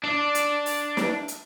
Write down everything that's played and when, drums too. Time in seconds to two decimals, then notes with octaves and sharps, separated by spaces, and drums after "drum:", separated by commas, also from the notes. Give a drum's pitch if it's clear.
0.04 D4 D5
0.35 drum: hi-hat
0.66 drum: open hi-hat
0.97 drum: snare
1.28 drum: hi-hat